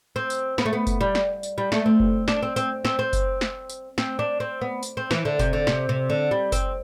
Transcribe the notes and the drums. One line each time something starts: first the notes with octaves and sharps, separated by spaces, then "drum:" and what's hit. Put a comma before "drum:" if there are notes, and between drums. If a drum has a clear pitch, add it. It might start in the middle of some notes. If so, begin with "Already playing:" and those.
C4
drum: tambourine
B3, drum: snare
A3
B3
drum: kick F#1, tambourine
G3
drum: snare
drum: tambourine
G3
A3, drum: snare
C4
drum: kick F#1
D4, drum: snare
C4
C4, drum: tambourine
C4, drum: snare
C4
drum: kick F#1, tambourine
drum: snare
drum: tambourine
C4, drum: snare
D4
C4
B3
drum: tambourine
C4
E3, drum: snare
D3
C3, drum: kick F#1, tambourine
D3
C3, drum: snare
C3
D3
G3
C4, drum: kick F#1, tambourine